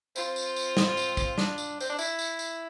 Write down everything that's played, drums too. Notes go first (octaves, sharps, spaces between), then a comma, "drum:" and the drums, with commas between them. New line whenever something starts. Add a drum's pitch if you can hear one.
C4 F4, drum: tambourine
drum: tambourine
drum: tambourine
drum: snare
drum: tambourine
drum: kick, tambourine
D4, drum: snare
drum: tambourine
C4, drum: tambourine
D4
E4, drum: tambourine
drum: tambourine
drum: tambourine